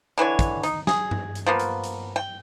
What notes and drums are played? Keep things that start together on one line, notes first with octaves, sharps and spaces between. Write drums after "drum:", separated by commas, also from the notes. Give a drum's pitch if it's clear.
D3 E3 C5 C#5
drum: kick, hi-hat
D#4, drum: hi-hat
G#4, drum: snare
drum: tom G2
drum: hi-hat
F3 A#3 B3
drum: hi-hat
drum: hi-hat
G5